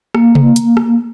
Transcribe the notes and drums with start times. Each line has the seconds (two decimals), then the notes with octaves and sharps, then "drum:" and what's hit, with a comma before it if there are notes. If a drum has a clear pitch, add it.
0.15 A#3, drum: rim click
0.35 drum: tom C3
0.56 drum: hi-hat
0.77 drum: rim click